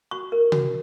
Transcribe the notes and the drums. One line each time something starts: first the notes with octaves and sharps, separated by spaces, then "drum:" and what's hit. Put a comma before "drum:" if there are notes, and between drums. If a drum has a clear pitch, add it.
F#4 C#6
A#4
F#4, drum: tom C3